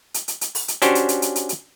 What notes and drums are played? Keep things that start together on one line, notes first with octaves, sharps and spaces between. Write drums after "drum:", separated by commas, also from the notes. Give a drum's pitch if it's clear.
drum: hi-hat
drum: hi-hat
drum: hi-hat
drum: open hi-hat
drum: hi-hat
C#4 D4 F#4 G4 C5, drum: hi-hat
drum: hi-hat
drum: hi-hat
drum: hi-hat
drum: hi-hat
drum: hi-hat